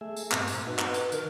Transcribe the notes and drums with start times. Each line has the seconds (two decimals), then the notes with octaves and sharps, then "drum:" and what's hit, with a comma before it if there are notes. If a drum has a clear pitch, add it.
0.01 A3 G#4 E5
0.17 drum: tambourine
0.31 G2 A#2 C4, drum: clap
0.48 drum: tambourine
0.67 D#4 F#4 B4
0.79 drum: clap
0.94 drum: tambourine
1.12 D#3 A#4, drum: tambourine